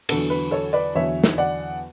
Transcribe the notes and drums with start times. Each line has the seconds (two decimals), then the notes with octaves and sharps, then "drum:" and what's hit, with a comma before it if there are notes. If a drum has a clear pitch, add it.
0.09 E2 D3 F#3 B3 D4 A4, drum: cymbal
0.30 B4
0.51 A4 C#5
0.73 B4 D5
0.95 E2 D3 F#3 B3 D4 C#5 E5
1.24 drum: snare
1.38 D5 F#5